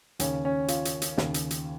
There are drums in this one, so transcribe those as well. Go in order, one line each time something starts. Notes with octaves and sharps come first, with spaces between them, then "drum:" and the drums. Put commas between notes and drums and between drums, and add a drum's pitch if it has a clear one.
D#2 C#3 C#4, drum: hi-hat
C#4
F4, drum: hi-hat
drum: hi-hat
drum: hi-hat
D#2 C#3, drum: snare
drum: hi-hat
drum: hi-hat